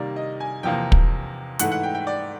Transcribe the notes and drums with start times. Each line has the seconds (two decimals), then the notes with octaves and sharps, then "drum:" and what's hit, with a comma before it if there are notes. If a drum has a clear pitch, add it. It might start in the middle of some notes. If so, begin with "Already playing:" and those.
Already playing: C3 D#3 G3 A#3 D5
0.16 D#5
0.40 G#5
0.63 E2 C3 F3 A#3 G5
0.92 drum: kick
1.59 G#2 E3 A3 F#5, drum: hi-hat
1.72 F#5
1.83 G5
1.95 G5
2.07 D5